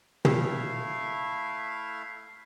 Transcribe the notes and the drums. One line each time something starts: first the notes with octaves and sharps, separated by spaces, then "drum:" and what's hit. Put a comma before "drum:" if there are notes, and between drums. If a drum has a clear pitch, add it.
A3 E4 E5 F5, drum: tom